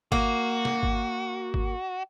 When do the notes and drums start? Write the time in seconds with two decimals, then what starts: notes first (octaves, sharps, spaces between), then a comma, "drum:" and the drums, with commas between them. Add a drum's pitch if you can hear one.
0.12 A#3 F#4, drum: kick G#1
0.65 drum: snare
0.83 drum: kick G#1
1.54 drum: kick G#1